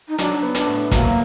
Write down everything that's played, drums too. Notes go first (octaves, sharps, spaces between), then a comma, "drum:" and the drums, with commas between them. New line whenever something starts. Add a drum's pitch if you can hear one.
D#4
F#3 D4, drum: hi-hat
B3
D4, drum: hi-hat
A2
F#3 A#3, drum: kick, hi-hat